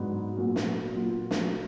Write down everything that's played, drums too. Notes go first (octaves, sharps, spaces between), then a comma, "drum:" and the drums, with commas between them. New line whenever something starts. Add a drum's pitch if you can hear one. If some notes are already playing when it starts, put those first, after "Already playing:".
Already playing: G#2 F#3 B3 D4
A#2 F#3 B3 F4
drum: snare
A#2 F#3 B3 F4
drum: snare